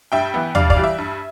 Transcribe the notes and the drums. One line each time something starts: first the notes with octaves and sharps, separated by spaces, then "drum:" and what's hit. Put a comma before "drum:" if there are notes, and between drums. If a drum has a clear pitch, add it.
G2 E5 G5
E3 B3
G2 D5 F5, drum: tom D#2
D5 F5, drum: kick
E3 G3
E5
G2